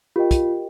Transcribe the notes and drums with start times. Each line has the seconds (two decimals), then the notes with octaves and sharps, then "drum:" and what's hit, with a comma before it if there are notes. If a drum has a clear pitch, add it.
0.16 F4 G4 A#4 D#5 G5
0.31 drum: kick, hi-hat